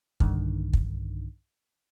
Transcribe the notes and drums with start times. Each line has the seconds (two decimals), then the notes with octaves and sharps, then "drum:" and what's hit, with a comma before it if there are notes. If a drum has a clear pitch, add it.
0.20 B1 G2 D3 D#3, drum: kick
0.73 drum: kick